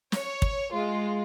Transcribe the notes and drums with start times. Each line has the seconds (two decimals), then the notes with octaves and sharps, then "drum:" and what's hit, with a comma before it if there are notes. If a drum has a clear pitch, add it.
0.12 C#5, drum: snare
0.42 drum: kick
0.74 G#3 F4